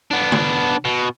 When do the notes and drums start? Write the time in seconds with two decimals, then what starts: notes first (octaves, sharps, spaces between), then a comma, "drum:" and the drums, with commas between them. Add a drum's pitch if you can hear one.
0.11 B3 D4
0.32 drum: tom C#3
0.85 B2